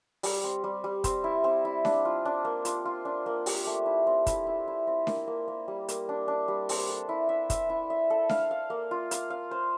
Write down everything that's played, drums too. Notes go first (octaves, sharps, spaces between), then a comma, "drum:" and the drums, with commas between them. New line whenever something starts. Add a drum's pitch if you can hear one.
G3, drum: open hi-hat
C4
G3
G3
C4, drum: kick, hi-hat
E4
C4
E4
D4, drum: snare D4
F4
D4
A#3
F4, drum: hi-hat
F4
D4
A#3
G4, drum: open hi-hat
A3
E4
C4
E4, drum: kick, hi-hat
E4
E4
C4
A#3, drum: snare D4
A#3
A#3
G3
A#3, drum: hi-hat
D4
D4
G3
C4, drum: open hi-hat
A4
E4
E5
E5, drum: kick, hi-hat
E4
E5
A4
F5, drum: snare D4
F5
A#3
F4
F5, drum: hi-hat
F5
C5